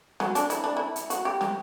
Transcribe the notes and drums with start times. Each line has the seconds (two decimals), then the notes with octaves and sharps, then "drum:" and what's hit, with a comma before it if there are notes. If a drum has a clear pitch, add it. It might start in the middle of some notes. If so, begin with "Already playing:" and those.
0.20 F#3, drum: snare
0.35 D4, drum: hi-hat
0.50 E4, drum: hi-hat
0.64 D4
0.77 E4
0.96 drum: hi-hat
1.10 F#4, drum: hi-hat
1.25 G4
1.41 G4, drum: snare